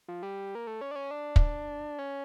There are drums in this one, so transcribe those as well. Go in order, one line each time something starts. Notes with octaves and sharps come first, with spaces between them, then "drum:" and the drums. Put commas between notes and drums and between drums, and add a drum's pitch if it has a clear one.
F3
G3
A#3
A3
C#4
D4
C#4
D4
drum: kick
C#4